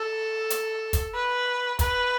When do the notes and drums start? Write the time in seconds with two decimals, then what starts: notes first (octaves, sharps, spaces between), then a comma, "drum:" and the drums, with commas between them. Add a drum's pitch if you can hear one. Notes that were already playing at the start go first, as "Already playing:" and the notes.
Already playing: A4
0.50 drum: hi-hat
0.93 drum: kick, hi-hat
1.14 B4
1.79 B4, drum: kick, hi-hat